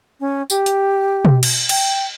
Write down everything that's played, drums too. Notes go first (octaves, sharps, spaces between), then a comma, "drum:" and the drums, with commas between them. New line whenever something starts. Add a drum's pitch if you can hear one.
C#4
G4, drum: tambourine
drum: hi-hat
drum: tom B2
drum: cymbal
G5, drum: cymbal